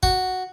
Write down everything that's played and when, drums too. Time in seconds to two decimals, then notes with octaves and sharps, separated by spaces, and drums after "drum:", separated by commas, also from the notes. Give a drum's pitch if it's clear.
0.03 F#4, drum: kick